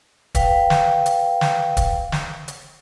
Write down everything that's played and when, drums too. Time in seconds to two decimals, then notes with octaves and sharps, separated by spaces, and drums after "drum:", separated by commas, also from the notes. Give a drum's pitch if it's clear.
0.35 B4 F5 G5, drum: kick, hi-hat
0.70 drum: snare
1.06 drum: hi-hat
1.41 drum: snare
1.77 drum: kick, hi-hat
2.12 drum: snare
2.48 drum: hi-hat